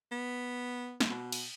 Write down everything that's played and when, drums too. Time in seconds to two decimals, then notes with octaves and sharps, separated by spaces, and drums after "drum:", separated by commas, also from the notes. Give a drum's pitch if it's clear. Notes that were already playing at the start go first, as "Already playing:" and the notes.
0.12 B3
1.00 drum: snare
1.10 B2
1.32 drum: cymbal